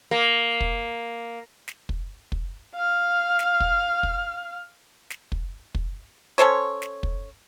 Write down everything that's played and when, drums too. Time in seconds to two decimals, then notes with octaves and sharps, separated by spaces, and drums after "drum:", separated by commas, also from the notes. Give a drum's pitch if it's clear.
0.11 A#3
0.61 drum: kick
1.68 drum: snare
1.89 drum: kick
2.32 drum: kick
2.75 F5 F6
3.39 drum: snare
3.60 drum: kick
4.03 drum: kick
5.10 drum: snare
5.32 drum: kick
5.75 drum: kick
6.38 C#4 A4 C5 C#5
6.82 drum: snare
7.03 drum: kick